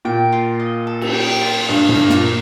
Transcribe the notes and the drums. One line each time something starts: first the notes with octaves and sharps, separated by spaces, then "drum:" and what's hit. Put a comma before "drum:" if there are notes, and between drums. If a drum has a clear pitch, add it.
A#2 G5
F4
D#5
A4
drum: cymbal
G5
F4
G2 D#5
G2, drum: tom
A#3
A#2, drum: snare
A#4